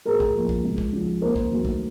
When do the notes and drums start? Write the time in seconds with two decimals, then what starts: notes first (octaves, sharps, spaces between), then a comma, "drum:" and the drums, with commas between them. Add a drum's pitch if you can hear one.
0.05 A2 G#4 A#4
0.20 drum: kick
0.35 F3 A#3
0.49 drum: kick
0.64 C#2
0.78 drum: kick
0.93 C#3 F3
1.21 D#2 A#4 C5
1.36 drum: kick
1.51 D#3 F#3 A3
1.65 drum: kick